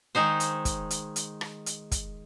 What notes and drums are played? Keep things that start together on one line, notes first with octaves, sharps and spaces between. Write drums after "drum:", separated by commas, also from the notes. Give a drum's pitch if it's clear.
D#3 G#3 D#4 C5
drum: hi-hat
drum: kick, hi-hat
drum: hi-hat
drum: hi-hat
drum: rim click
drum: hi-hat
drum: kick, hi-hat